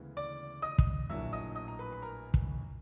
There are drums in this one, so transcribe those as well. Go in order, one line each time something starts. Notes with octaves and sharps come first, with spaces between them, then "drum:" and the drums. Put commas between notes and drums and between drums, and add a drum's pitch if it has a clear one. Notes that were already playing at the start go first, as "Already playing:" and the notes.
Already playing: D2 C#3 E3 G#3 B3
D5 D6
D#5 D#6
drum: kick
A#1 A2 F#3 A#3 D4 E5 E6
D#5 D#6
D#5 D#6
A#5
B4 B5
B5
A#4 A#5
drum: kick